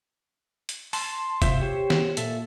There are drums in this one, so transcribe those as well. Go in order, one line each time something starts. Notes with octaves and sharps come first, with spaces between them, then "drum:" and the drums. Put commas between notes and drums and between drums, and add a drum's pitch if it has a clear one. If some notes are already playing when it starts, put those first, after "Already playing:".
drum: hi-hat
A5 C6, drum: open hi-hat
C3 F4 C5 E5, drum: kick, hi-hat
G4 C5 C#5
drum: snare
A#2 A4 E5, drum: hi-hat